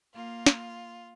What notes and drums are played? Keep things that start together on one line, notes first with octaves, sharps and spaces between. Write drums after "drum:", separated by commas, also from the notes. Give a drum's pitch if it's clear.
A#3 F4
drum: snare